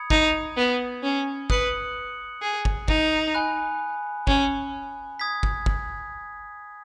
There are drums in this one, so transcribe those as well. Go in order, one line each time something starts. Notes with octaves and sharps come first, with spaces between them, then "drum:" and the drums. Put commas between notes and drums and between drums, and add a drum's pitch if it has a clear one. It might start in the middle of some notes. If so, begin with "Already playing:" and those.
Already playing: B5 D#6 G#6 C#7
D#4, drum: kick
B3
C#4
B4 D#6 F#6 C#7 F#7, drum: kick
G#4
drum: kick
D#4, drum: kick
G#5 B5 F#6
C#4, drum: kick
D#6 G#6 B6
drum: kick
drum: kick